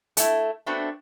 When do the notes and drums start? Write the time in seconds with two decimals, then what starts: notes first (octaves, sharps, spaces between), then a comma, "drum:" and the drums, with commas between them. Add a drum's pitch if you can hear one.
0.17 A3 E4, drum: hi-hat
0.66 A3 B3 C4 D4 F#4